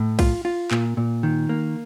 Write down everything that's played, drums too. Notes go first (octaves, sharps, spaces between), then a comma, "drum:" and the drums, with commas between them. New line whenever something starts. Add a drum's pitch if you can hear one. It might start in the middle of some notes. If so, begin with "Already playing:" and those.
Already playing: A2
F4, drum: kick B1, cymbal
F4
A#2, drum: clap
A#2
D#3
A#3